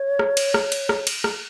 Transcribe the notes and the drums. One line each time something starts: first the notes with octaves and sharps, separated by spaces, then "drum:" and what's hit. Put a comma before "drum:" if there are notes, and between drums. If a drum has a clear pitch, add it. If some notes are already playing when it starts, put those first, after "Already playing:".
Already playing: C#5
drum: rim click
drum: cymbal
drum: rim click
drum: cymbal
drum: rim click
drum: cymbal
drum: rim click